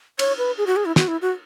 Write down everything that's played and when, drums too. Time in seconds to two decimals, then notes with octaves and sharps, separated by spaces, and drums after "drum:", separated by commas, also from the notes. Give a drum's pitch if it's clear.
0.19 C#5, drum: cymbal
0.38 B4
0.58 G#4
0.67 F#4
0.76 G#4
0.85 E4
0.96 F#4, drum: snare
1.08 E4
1.22 F#4